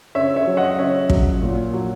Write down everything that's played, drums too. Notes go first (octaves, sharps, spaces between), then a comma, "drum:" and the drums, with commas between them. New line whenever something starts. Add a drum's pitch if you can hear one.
C#3 C#5 E5
C#5 E5
F#3
D#5 F#5
C#3 C#5 E5
F#3, drum: kick
A#2
F#3